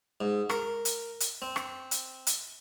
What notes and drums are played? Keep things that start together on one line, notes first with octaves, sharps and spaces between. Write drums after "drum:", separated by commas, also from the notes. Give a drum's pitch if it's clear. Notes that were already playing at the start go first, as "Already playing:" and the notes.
G#2
A#4, drum: rim click
drum: hi-hat
drum: hi-hat
C4
drum: rim click
drum: hi-hat
drum: hi-hat